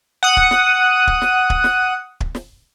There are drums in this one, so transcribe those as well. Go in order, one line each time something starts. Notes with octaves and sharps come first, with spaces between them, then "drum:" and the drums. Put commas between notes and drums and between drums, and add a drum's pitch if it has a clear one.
F#5 D#6
drum: kick
drum: snare
drum: kick
drum: snare
drum: kick
drum: snare
drum: kick
drum: snare